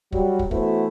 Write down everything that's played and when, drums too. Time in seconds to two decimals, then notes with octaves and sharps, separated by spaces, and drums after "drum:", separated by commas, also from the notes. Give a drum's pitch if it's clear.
0.12 F#3 G3 F#4, drum: kick
0.39 drum: kick
0.51 E3 A3 B3 E4 F#4 C5, drum: kick